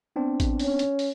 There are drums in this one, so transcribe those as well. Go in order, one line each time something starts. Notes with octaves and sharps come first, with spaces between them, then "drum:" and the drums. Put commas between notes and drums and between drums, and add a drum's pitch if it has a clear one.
B3 C4 D4
drum: kick A1, hi-hat
C#4, drum: open hi-hat
drum: hi-hat
drum: open hi-hat